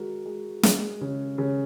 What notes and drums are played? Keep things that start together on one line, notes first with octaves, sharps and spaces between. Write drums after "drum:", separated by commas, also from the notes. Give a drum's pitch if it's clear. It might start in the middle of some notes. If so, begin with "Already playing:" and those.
Already playing: G#3 F#4 A#4
G#3
G#3, drum: snare
C#3
C#3